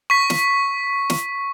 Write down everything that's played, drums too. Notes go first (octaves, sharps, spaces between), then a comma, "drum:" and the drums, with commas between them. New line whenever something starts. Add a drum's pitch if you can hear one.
C#6 B6
drum: snare
drum: snare